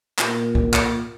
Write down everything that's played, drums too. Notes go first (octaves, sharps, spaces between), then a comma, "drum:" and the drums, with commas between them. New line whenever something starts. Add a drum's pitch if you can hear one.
A#2, drum: clap
drum: kick
drum: clap